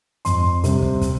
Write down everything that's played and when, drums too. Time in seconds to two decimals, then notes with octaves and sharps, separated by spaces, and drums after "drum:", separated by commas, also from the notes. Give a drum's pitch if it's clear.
0.25 F2 C6, drum: hi-hat
0.64 C3 G3 C4, drum: hi-hat
0.82 drum: kick
1.01 drum: kick, hi-hat